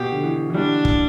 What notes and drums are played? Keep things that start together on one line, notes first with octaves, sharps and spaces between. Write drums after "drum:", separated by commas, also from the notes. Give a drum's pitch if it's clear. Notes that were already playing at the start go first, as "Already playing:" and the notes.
Already playing: B2 G4
D3
E3
E3
G3 D4
drum: kick